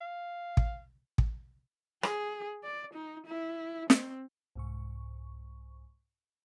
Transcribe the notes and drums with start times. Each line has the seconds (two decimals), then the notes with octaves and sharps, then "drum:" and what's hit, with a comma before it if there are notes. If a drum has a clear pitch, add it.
0.01 F5
0.57 drum: kick
1.18 drum: kick
2.03 G#4, drum: rim click
2.64 D5
2.94 D#4
3.27 E4
3.90 C4, drum: snare
4.56 C2 G#2 C#6